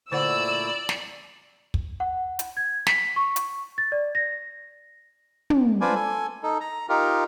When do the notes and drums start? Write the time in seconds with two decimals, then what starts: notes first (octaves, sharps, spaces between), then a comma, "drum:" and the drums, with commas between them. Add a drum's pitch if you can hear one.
0.12 A#2 D3 A3 E4 C5 D5 F#5 E6
0.89 drum: snare
1.74 drum: kick
2.00 F#5
2.39 drum: hi-hat
2.57 G#6
2.87 B6, drum: snare
3.16 C#6
3.36 drum: hi-hat
3.78 A6
3.92 D5
4.15 A#6
5.50 drum: tom
5.81 D4 F4 B4 C5 D5 G#5
5.95 A4 G#5
6.43 D#4 A4
6.61 A#5
6.89 D#4 F4 G4 A#4